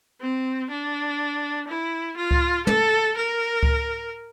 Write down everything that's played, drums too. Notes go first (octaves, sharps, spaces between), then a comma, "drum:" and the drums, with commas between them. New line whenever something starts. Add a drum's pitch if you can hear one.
C4
D4
E4
F4
drum: kick C#2
A4, drum: tom
A#4
drum: kick C#2